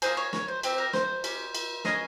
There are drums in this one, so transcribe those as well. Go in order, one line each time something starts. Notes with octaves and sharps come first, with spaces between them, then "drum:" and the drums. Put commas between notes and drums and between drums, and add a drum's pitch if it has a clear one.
A#3 D#4 G#4 C5, drum: cymbal
C#5
C#5, drum: snare
C5
C4 G4 C5, drum: cymbal
A#4
C5, drum: snare
C#4 G4, drum: cymbal
drum: cymbal
C#4 G#4 D#5, drum: snare